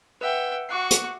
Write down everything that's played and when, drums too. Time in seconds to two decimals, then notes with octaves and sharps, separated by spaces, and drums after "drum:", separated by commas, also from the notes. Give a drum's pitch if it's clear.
0.21 B4 E5 F#5 G5
0.69 F#4 C#6 D6 F#6 C7
0.91 drum: hi-hat